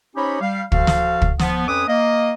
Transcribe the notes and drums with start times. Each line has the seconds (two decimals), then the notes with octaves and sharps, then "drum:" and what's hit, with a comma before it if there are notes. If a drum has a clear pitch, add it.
0.15 C#4 D#4 G4 C5 C#5 B5
0.41 G3 F5
0.72 F3 F#4 A4 F5, drum: kick
0.87 drum: snare
1.22 drum: kick
1.39 F3 B3, drum: snare
1.67 F2 C#4 B4 D6 D#6
1.88 A#3 D#5